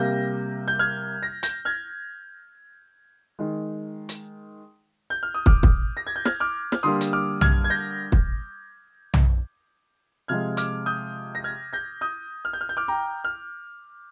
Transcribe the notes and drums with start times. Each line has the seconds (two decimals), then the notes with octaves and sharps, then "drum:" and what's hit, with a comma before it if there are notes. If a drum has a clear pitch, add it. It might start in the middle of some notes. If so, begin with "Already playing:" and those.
Already playing: C3 G3 A#3 G6 A#6
0.68 G6
0.79 F6 G#6
1.23 A#6
1.43 G6 A#6, drum: hi-hat
1.65 F6 G#6
3.39 D#3 G#3
4.09 drum: hi-hat
5.10 G6
5.23 F6
5.34 D#6
5.46 D6 F6, drum: kick
5.63 drum: kick
5.97 A#6
6.07 G#6
6.16 G6
6.25 F6 G#6, drum: snare
6.40 D6 F6
6.72 F6, drum: snare
6.83 D3 G3 A#3 C6 D#6
7.01 drum: hi-hat
7.13 D6 F6
7.41 F6 G#6, drum: tom
7.64 G#6
7.70 G6 A#6
8.12 drum: kick
9.14 drum: tom
10.28 C3 F3 G#3 F6 G#6
10.57 D6 F6, drum: hi-hat
10.86 D#6 G6
11.35 A#6
11.44 F6 G#6
11.73 G6 A#6
12.01 D#6 G6
12.45 F6
12.53 G6
12.61 F6
12.69 G6
12.77 D6 F6
12.88 G5 A#5
13.24 F6